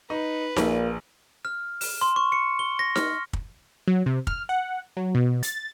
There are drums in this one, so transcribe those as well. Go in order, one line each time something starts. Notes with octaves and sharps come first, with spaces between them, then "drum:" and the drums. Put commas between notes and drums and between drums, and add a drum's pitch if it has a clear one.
D#4 B4
A#1 A#2, drum: snare D#4
F6
E7, drum: open hi-hat
C6
C#6
C#7
G7
A#6
F6, drum: snare D#4
drum: kick
F#3
C3
F6, drum: kick
F#5
F#3
B2
A6, drum: hi-hat